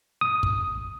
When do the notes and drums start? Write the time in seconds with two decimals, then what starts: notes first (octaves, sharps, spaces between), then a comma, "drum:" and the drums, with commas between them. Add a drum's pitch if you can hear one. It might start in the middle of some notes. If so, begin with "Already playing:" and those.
0.21 D#6
0.43 drum: kick